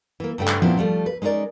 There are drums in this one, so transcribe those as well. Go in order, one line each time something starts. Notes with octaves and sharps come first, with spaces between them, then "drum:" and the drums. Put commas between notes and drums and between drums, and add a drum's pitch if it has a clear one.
E3 A#3
G2 C#3 G3 A3 G5
drum: clap
A#2 F3 B3 C4 E4 F4, drum: tom F3
F3 G3 A3
B4
G#3 C#4 D#4 A#4 D5